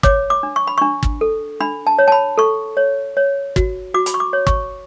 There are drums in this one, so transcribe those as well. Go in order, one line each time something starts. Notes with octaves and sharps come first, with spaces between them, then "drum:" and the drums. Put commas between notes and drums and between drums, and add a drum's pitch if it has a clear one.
C#5 D6, drum: kick
D6
D4
C#6
B5
D4 C#6
drum: kick
A4
D4 B5
A5
C#5
A5
B5
A4 C#6
C#5
C#5
F#4, drum: kick
F#4 D6
B5, drum: hi-hat
C#6
D6
C#5
C#6, drum: kick